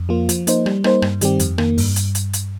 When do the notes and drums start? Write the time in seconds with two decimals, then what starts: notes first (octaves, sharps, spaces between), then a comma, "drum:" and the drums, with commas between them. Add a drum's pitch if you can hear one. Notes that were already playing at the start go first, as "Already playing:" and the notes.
Already playing: F2
0.09 F3 A#3 F4
0.29 F3, drum: hi-hat
0.47 A#3 D#4 C5, drum: hi-hat
0.66 G3, drum: rim click
0.84 A#3 D#4 C5, drum: rim click
1.02 G2, drum: rim click
1.21 D#3 G3 C4 G4, drum: hi-hat
1.39 F2, drum: hi-hat
1.58 D#3 A#3, drum: rim click
1.78 G2, drum: open hi-hat
1.96 drum: hi-hat
2.15 drum: hi-hat
2.33 drum: hi-hat